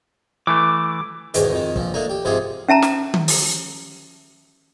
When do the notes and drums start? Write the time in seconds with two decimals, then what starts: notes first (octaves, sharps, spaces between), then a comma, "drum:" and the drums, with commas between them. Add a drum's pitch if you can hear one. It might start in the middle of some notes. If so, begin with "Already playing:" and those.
0.47 E3 A3 D6
1.34 E2 G#2 B2 D#3, drum: hi-hat
1.51 F2 D#3
1.76 A#1 F3, drum: kick
1.94 A3 A#3 D4 D#4
2.10 G4
2.25 G#2 C3 F3 G4 G#4 C5
2.68 C#4 E5 A5 A#5
2.82 drum: snare
3.14 drum: tom D#3
3.28 drum: open hi-hat